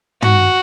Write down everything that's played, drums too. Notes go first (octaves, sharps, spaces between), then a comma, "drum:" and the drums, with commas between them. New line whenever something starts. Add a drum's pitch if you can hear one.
F#4, drum: tom